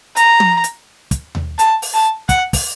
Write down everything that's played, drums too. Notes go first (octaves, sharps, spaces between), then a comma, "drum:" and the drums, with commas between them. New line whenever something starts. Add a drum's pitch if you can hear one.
A#5, drum: hi-hat
drum: tom
drum: hi-hat
drum: kick, hi-hat
drum: tom D#2
A5, drum: hi-hat
drum: open hi-hat
A5
F#5, drum: kick, hi-hat
drum: kick, open hi-hat